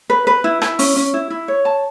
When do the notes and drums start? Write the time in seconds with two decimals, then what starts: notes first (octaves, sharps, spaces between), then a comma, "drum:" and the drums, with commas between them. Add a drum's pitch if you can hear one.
0.10 B4
0.27 B4
0.44 E4
0.62 E4, drum: rim click
0.79 C#4, drum: open hi-hat
0.96 C#4
1.14 E4
1.30 E4
1.48 C#5
1.65 A5